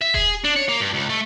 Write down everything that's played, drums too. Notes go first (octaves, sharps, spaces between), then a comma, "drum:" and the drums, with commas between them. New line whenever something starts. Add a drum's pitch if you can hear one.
E5
G#4, drum: kick D#1
D4
C#5
A#3
G2
C#2
A3